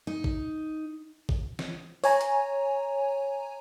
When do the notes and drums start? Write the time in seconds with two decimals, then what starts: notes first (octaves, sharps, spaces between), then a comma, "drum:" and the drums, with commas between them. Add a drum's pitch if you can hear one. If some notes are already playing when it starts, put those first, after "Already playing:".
0.07 D#4
0.24 drum: kick G#1
1.29 drum: kick G#1
1.59 drum: snare
2.04 C#5 G#5 A#5, drum: open hi-hat
2.21 drum: hi-hat